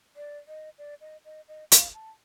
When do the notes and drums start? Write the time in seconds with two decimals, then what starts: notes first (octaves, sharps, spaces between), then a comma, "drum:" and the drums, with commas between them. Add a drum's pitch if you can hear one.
0.16 D5
0.48 D#5
0.78 D5
1.01 D#5
1.25 D#5
1.48 D#5
1.72 F5, drum: hi-hat
1.94 A5